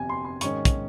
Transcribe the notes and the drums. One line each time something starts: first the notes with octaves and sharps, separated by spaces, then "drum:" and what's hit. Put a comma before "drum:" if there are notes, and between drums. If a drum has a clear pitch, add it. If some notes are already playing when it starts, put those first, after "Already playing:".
Already playing: G1 F2 C3 G3 G#5
C6
C6
G#2 D#3 G#3 C#4 C#6, drum: hi-hat
drum: kick, hi-hat